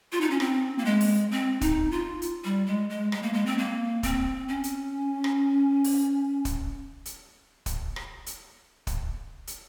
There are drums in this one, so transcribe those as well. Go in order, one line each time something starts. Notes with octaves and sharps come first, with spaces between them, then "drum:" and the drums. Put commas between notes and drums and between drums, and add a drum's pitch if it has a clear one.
F4
D#4
C#4
C4, drum: rim click
A#3
G#3
drum: open hi-hat
C4
D#4, drum: kick, hi-hat
F4
drum: hi-hat
G3
G#3
G#3
G#3, drum: rim click
A#3
G#3
C4
A#3
C4, drum: kick, hi-hat
C#4
drum: hi-hat
drum: rim click
drum: open hi-hat
drum: kick, hi-hat
drum: hi-hat
drum: kick, hi-hat
drum: rim click
drum: hi-hat
drum: kick, hi-hat
drum: hi-hat